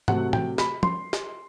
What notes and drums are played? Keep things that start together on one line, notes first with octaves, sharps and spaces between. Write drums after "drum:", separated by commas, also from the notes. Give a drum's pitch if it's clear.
C3 F#3 A3 F#5, drum: tom G#2
G5, drum: tom
B5, drum: snare
C6, drum: tom
drum: snare